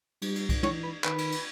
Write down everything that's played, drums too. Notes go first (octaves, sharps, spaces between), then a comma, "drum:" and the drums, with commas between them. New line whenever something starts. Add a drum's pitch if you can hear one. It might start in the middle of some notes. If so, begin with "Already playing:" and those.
G3, drum: cymbal
drum: cymbal
drum: kick C2, cymbal
E3 C#5, drum: tom
B4
D#3 B4, drum: clap
drum: cymbal
drum: cymbal